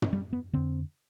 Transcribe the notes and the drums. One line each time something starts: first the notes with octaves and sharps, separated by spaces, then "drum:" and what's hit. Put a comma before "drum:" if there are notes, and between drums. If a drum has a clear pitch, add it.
drum: tom
G3
B3
F2 D3 C4